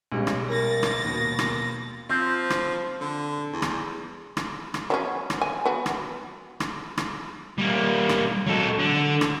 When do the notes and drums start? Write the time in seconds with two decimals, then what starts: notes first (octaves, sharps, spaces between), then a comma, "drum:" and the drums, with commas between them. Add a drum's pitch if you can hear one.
0.12 B1 G3 G#3 C#4
0.27 drum: rim click
0.49 A#4 A6 A#6
0.83 drum: rim click
1.04 D#2 B2 A#3
1.39 drum: rim click
2.10 F3 C4
2.50 drum: rim click
3.01 D3
3.53 E2
3.62 drum: rim click
4.37 drum: rim click
4.74 drum: rim click
4.90 F#3 B3 C#4
5.30 drum: rim click
5.42 G#5
5.65 B3 F#4
5.86 drum: rim click
6.60 drum: rim click
6.98 drum: rim click
7.58 G3 A#3
8.09 drum: rim click
8.47 F#3 A4
8.78 D3
9.21 drum: rim click